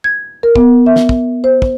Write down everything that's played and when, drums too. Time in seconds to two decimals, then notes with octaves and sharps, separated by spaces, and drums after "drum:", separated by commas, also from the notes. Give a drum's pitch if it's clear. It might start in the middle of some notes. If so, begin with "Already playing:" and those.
0.04 G#6
0.43 A#4
0.56 B3, drum: kick
0.86 E5
0.96 drum: snare
1.09 drum: kick
1.44 C5
1.62 drum: kick